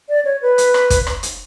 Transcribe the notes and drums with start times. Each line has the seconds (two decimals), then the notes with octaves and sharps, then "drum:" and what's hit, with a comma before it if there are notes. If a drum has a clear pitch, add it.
0.09 D5
0.25 C#5
0.42 B4
0.58 drum: hi-hat
0.74 drum: rim click
0.90 drum: kick, hi-hat
1.07 drum: rim click
1.23 drum: hi-hat